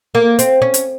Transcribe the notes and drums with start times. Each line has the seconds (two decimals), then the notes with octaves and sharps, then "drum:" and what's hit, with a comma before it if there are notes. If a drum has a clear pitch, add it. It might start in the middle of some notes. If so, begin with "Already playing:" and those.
0.15 A#3
0.39 C4, drum: hi-hat
0.62 C#4
0.74 drum: hi-hat